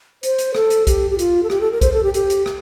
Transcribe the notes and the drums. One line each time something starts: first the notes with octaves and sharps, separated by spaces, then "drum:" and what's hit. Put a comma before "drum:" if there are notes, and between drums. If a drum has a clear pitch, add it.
C5, drum: hi-hat
drum: hi-hat
A4, drum: rim click
drum: hi-hat
G4, drum: kick, hi-hat
G4
F4, drum: hi-hat
A4
G4, drum: rim click
A4
A#4
C5, drum: kick, hi-hat
A4
G4
G4, drum: hi-hat
drum: hi-hat
drum: rim click